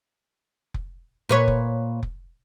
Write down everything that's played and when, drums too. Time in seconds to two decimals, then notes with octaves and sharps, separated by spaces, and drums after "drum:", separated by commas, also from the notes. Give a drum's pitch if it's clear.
0.74 drum: kick F1
1.29 A#2 B4 C#5
1.48 drum: kick F1
2.03 drum: kick F1